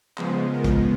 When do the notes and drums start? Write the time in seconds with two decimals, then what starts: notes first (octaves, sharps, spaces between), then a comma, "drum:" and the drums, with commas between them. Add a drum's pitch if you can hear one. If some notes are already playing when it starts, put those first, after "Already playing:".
0.18 C#3 F3 G#3 B3 C5, drum: clap
0.52 A#4
0.64 drum: kick, hi-hat